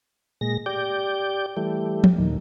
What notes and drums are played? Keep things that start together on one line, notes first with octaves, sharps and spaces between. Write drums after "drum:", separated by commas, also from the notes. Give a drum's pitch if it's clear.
A#2 G#3 A#6
G4 D5 G6
E3 G3 A3
drum: tom F3
D#2 A#2 D#3